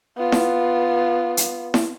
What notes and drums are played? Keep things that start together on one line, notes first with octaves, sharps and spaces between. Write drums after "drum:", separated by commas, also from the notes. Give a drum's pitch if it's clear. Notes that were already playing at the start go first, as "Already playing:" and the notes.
B3 F4
drum: snare E4
drum: hi-hat
drum: snare E4